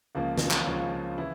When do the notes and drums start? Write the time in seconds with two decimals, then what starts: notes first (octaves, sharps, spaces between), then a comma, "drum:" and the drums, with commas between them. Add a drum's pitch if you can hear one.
0.15 C#2 C#3 F3 A#3
0.38 drum: snare
0.51 drum: clap
0.66 C#2 C#3 F3 C#4
1.17 C#3 E3 E4